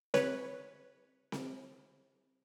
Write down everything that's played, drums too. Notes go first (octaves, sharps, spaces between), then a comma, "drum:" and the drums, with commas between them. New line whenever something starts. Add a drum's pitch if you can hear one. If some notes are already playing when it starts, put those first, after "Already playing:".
B4 C#5, drum: snare C4
drum: snare C4